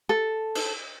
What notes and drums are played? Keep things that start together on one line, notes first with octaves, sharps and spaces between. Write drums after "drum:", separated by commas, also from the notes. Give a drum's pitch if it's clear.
A4
drum: cymbal